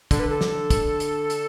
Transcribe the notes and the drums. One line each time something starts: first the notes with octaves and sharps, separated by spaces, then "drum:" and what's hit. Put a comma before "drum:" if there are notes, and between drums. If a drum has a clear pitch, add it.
D3 A4, drum: kick, hi-hat
B4
A4
drum: snare
drum: kick, hi-hat
drum: hi-hat
drum: hi-hat